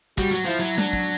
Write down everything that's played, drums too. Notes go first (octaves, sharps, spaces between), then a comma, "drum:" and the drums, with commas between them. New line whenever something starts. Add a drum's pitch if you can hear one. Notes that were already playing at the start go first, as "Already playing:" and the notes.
G3 F#4, drum: kick
F#3
F3 E4
F#3
F#3 D4, drum: tom F#3
drum: kick